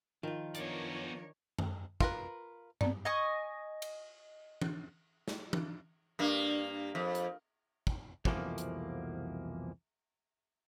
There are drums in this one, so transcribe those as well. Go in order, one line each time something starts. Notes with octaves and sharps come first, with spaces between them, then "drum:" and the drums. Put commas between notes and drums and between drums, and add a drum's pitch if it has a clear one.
D#3 F3 F4
B3 D4 A#4 C#5 D5, drum: hi-hat
drum: tom F#2
F4 A#4 B4, drum: kick
B3 C4 D5, drum: tom G2
D#5 G#5 C#6 D#6
drum: cymbal
drum: tom E3
drum: snare
drum: tom E3
G2 A#3
F2
drum: hi-hat
drum: kick
C2 F2 B2 E3 F3 A#3, drum: kick
drum: hi-hat